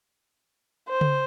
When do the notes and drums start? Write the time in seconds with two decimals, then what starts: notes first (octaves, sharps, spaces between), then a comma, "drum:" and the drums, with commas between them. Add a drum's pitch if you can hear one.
0.89 C5
1.01 drum: tom C#3